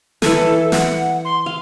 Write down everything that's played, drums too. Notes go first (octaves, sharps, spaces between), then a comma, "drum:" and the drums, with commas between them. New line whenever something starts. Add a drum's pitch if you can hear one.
E3 A4 G#5, drum: snare
F#5, drum: snare
C6
F5